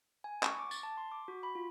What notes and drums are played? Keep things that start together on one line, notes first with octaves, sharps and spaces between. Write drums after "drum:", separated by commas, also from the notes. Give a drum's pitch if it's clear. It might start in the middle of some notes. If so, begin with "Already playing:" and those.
G#5
C#6, drum: clap
D6
A6, drum: tambourine
A5
C6
D6
F#4
B5
F4